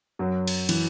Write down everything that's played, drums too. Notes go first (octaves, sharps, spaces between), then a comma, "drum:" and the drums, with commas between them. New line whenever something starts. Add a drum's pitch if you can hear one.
F#2 F#3
drum: cymbal
E3, drum: cymbal